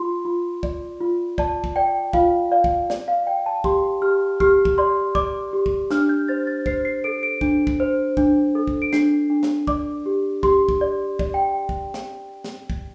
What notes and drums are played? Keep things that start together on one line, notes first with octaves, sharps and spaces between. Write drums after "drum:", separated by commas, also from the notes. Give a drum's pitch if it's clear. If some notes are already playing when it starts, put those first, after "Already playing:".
Already playing: F4 C6
F4
D5, drum: kick
F4
D5 A5, drum: kick
drum: kick
D5 G5
F4 F5, drum: kick
D5 F5
drum: kick
D5, drum: snare
F5
D5 G5
A5
G4 C6, drum: kick
G4 F6
G4 F6, drum: kick
drum: kick
D5 C6
D5 D6, drum: kick
G4
drum: kick
D4 F6, drum: snare
G6
C5 A6
A6
C5 C7, drum: kick
C7
A4 D7
D7
D4, drum: kick
drum: kick
C5
D4, drum: kick
A4
drum: kick
D7
D4 C7, drum: snare
D4
drum: snare
D5 D6, drum: kick
G4
G4 C6, drum: kick
drum: kick
D5
D5, drum: kick
G5
drum: kick
drum: snare
drum: snare
drum: kick